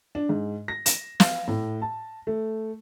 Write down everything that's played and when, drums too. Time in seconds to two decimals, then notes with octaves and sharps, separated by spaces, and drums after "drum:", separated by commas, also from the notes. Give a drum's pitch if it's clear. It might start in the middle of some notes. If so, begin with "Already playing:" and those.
0.15 D4
0.29 G#2
0.68 A#6
0.86 E7, drum: hi-hat
1.20 F5, drum: snare
1.48 A2
1.82 A5
2.27 A3